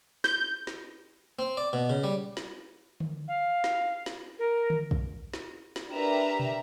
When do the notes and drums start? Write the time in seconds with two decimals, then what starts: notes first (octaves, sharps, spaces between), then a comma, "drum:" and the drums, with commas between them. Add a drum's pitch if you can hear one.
0.24 G6, drum: snare
0.67 drum: snare
1.39 C4
1.57 D5
1.73 B2
1.90 C#3
2.04 G3
2.37 drum: snare
3.00 drum: tom D3
3.28 F5
3.64 drum: snare
4.06 drum: snare
4.39 A#4
4.70 drum: tom D3
4.91 drum: kick
5.34 drum: snare
5.76 drum: snare
5.90 D4 G4 A#4 B4 E5 A#5
6.39 drum: tom B2